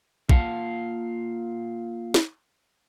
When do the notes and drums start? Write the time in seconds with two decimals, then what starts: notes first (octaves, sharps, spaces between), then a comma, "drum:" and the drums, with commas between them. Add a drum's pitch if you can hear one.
0.29 A#3 F4 F5 F#5 A5, drum: kick
2.14 drum: snare